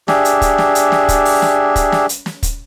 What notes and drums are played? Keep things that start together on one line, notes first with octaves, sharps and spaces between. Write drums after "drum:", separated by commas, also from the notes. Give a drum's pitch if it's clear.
D4 G4 G#4 E5, drum: snare
drum: hi-hat
drum: kick, hi-hat
drum: snare
drum: hi-hat
drum: snare
drum: kick, hi-hat
drum: open hi-hat
drum: snare
drum: kick, hi-hat
drum: snare
drum: hi-hat
drum: snare
drum: kick, hi-hat